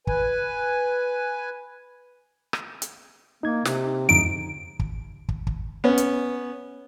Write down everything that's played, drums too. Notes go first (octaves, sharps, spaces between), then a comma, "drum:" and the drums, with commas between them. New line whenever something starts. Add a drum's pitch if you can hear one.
B4 G#5, drum: kick
drum: rim click
drum: hi-hat
A#3 D#4 G#6
C3, drum: snare
F2 G#2 D3 D#4 D7, drum: tom E2
drum: kick
drum: kick
drum: kick
B3 C#4
drum: hi-hat